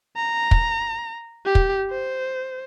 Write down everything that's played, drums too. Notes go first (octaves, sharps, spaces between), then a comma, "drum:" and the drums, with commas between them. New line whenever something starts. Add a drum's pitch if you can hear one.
A#5
drum: kick
G4
drum: kick
C5